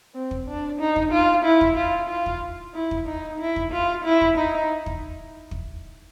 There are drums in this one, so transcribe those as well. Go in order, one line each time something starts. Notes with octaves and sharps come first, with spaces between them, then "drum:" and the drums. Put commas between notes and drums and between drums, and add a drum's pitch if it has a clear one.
C4
drum: kick
D4
D#4
drum: kick
F4
E4
drum: kick
F4
F4
drum: kick
E4
drum: kick
D#4
E4
drum: kick
F4
E4
drum: kick
D#4
drum: kick
drum: kick